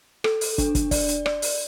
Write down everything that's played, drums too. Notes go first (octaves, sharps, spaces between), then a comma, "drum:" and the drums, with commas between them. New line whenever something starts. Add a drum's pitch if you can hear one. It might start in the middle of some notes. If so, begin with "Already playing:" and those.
A4, drum: rim click
drum: open hi-hat
D4, drum: kick, hi-hat
drum: kick, hi-hat
D5, drum: kick, open hi-hat
drum: hi-hat
D5, drum: rim click
drum: open hi-hat